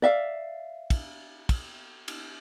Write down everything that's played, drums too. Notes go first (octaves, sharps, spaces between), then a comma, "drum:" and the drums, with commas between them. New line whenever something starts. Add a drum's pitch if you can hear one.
D5 E5 F5
drum: kick, cymbal
drum: kick, cymbal
drum: cymbal